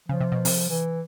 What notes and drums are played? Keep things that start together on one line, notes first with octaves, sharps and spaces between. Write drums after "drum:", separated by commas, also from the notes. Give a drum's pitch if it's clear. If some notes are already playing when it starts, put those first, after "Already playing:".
C#3 F3
C3
B2
C3, drum: open hi-hat
E3